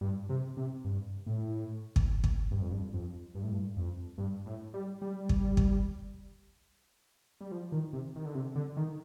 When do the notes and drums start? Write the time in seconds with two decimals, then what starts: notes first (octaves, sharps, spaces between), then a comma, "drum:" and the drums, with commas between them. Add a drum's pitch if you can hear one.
0.01 G2
0.29 C3
0.57 C3
0.85 G2
1.27 A2
1.96 drum: kick
2.24 drum: kick
2.51 G2
2.61 F2
2.71 G2
2.93 F2
3.35 G2
3.43 A2
3.51 G2
3.77 F2
4.18 G2
4.46 A2
4.74 G3
5.02 G3
5.29 drum: kick
5.57 drum: kick
7.41 G3
7.52 F3
7.72 D#3
7.93 C3
8.16 D#3
8.25 D3
8.35 C3
8.56 D3
8.77 D#3